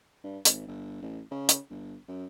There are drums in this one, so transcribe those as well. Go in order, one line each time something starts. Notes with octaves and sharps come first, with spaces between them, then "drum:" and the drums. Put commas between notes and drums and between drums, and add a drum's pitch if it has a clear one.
G2
G#1, drum: hi-hat
G1
A1
C#3
drum: hi-hat
G1
F#2